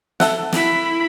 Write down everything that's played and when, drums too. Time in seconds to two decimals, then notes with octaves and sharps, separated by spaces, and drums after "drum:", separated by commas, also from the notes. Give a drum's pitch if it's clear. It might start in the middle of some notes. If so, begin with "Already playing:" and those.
0.20 A4 E5 F#5, drum: snare
0.52 E4 B5, drum: snare